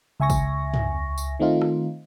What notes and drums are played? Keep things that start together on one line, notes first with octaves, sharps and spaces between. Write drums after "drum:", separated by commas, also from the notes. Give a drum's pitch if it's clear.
C#2 E5 G#5 C#6 A#6
drum: kick G#1, tambourine
drum: tom
drum: tambourine
D#3 A3 C4 D#4 F4
drum: rim click